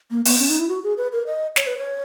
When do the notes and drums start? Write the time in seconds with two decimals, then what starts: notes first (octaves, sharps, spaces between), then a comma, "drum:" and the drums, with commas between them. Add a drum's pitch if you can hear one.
0.11 A#3
0.25 B3, drum: open hi-hat
0.40 C#4
0.49 D#4
0.59 E4
0.69 F#4
0.84 G#4
0.97 B4
1.13 A#4
1.27 D#5
1.56 C#5, drum: snare
1.67 B4
1.78 C#5